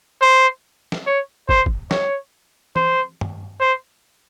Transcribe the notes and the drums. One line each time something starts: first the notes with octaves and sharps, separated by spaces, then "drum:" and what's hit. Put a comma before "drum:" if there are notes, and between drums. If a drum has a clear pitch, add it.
C5
drum: snare
C#5
C5, drum: kick
drum: kick
C#5, drum: snare
C5, drum: tom E3
drum: tom
C5